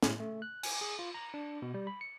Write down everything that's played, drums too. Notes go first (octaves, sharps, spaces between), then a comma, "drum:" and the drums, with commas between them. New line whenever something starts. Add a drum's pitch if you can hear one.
A2, drum: snare
A3
F#6
G#5, drum: cymbal
G#4
F4
A#5
D4
B2
G3
B5
C#7